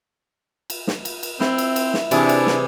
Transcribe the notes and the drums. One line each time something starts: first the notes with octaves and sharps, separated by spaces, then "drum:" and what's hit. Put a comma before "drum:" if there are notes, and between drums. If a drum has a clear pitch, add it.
drum: cymbal
drum: snare
drum: cymbal
drum: cymbal
C4 E4, drum: snare
drum: cymbal
drum: cymbal
drum: snare
C3 E3 D4 E4 G#4 D5, drum: cymbal
drum: cymbal
drum: snare